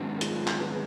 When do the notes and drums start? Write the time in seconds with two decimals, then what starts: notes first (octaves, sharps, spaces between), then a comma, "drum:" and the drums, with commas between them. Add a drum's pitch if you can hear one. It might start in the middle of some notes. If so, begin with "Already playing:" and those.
Already playing: G#2 D#3 F#3 B3 C#4
0.17 A#4
0.21 F4 G#4, drum: hi-hat
0.47 drum: clap
0.60 G#4 B4